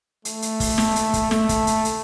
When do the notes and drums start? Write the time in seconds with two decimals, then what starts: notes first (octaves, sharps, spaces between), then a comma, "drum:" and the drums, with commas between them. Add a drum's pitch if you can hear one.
0.25 A3, drum: hi-hat
0.42 drum: hi-hat
0.60 drum: kick, open hi-hat
0.78 drum: snare
0.96 drum: hi-hat
1.13 drum: kick, hi-hat
1.31 A3, drum: snare
1.49 drum: kick, hi-hat
1.67 drum: hi-hat
1.85 drum: hi-hat